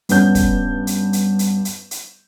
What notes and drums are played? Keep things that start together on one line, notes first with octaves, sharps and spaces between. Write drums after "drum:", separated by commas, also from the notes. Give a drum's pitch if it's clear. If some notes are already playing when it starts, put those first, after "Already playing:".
G2 B3 C#4 G6, drum: hi-hat
drum: kick, hi-hat
drum: hi-hat
drum: hi-hat
drum: hi-hat
drum: hi-hat
drum: hi-hat